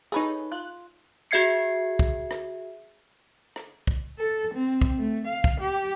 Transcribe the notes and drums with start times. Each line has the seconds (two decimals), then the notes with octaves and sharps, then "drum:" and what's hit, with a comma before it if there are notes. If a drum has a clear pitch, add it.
0.12 D#4 G#4 A4 B4 C#5
0.52 F4 F#6
1.31 F#4 G#4 E5 G#6 C7 C#7
1.99 drum: kick
2.31 drum: rim click
3.56 drum: rim click
3.87 drum: kick
4.19 A4
4.54 C4
4.81 drum: kick
4.98 A3
5.27 F5
5.44 drum: kick
5.60 G4